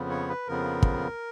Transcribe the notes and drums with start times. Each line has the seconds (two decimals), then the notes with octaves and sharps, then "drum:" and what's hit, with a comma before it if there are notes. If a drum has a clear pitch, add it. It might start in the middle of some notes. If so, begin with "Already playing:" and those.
Already playing: F2 C#3 F3 B3
0.10 C#5
0.28 B4
0.47 F2 C#3 F3 B3 A#4
0.83 drum: kick